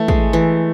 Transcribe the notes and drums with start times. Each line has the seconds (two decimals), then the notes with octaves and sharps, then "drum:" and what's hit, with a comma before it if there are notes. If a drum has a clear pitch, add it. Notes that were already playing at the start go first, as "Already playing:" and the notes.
Already playing: E3 A3
0.08 G#3, drum: kick
0.33 E3